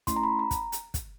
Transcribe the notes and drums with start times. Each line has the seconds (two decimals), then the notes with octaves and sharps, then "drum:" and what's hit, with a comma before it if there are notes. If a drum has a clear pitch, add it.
0.07 A3 C#4 E4 C6, drum: kick, hi-hat
0.16 A#5
0.23 B5
0.39 A#5
0.51 drum: kick, hi-hat
0.72 drum: hi-hat
0.94 drum: kick, hi-hat